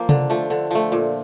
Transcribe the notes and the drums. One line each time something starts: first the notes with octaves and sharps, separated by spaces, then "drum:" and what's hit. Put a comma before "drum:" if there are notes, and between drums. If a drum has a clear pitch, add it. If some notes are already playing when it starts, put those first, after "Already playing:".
Already playing: F3 A#3
D3, drum: tom C3
F3 A3
D3
F3 A3
A#2